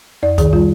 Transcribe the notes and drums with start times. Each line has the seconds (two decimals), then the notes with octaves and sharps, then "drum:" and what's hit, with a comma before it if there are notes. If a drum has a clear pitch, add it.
0.23 F2 D5
0.38 D#3 G#4, drum: kick, hi-hat
0.53 G3 F4, drum: kick